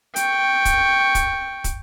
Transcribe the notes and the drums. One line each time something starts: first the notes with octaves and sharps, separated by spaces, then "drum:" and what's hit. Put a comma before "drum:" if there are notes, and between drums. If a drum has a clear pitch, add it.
G5 C#6, drum: hi-hat
drum: kick, hi-hat
drum: kick, hi-hat
drum: kick, hi-hat